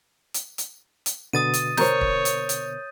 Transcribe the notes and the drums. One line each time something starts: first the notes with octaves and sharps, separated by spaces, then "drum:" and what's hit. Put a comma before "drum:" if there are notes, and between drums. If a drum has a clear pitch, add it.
drum: hi-hat
drum: hi-hat
drum: hi-hat
B2 D3 B3 D#6 A6 D#7
drum: hi-hat
A#4 C5 C#5 G6, drum: snare
drum: kick
drum: hi-hat
drum: hi-hat